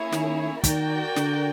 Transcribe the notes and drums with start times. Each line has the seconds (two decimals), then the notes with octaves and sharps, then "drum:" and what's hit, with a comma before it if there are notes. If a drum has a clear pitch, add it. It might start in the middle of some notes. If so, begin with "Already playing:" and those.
Already playing: A#3 C#4 E4 G#4 C#5
0.12 D#3, drum: snare
0.64 D#3 F#4 A#4 D5 G5, drum: kick, hi-hat
1.16 D3, drum: snare